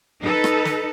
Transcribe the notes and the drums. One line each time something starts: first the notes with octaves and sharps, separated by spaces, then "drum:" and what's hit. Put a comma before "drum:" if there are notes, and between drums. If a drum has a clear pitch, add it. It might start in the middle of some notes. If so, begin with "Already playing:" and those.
D#4 A4 B4
drum: rim click
drum: snare